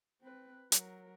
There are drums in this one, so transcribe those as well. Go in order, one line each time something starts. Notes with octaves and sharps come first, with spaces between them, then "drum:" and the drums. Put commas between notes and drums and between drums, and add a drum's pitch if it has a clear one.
C4 B4
F#3 A#4, drum: hi-hat